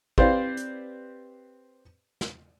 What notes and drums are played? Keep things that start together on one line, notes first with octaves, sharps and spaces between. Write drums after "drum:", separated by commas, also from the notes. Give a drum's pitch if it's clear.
C4 G4 B4 C5 D5 F5, drum: kick
drum: hi-hat
drum: snare